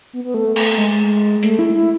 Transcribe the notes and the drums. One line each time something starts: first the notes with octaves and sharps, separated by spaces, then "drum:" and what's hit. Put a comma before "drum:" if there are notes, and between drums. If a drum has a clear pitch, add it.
B3
B3
A3
A3, drum: cymbal
G#3
A3, drum: hi-hat
E4
E4